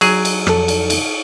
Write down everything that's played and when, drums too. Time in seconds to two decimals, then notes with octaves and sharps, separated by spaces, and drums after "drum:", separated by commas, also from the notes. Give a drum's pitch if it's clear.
0.01 F#3 G#4, drum: cymbal
0.25 drum: cymbal
0.47 F2 A4, drum: rim click
0.68 drum: cymbal
0.90 drum: cymbal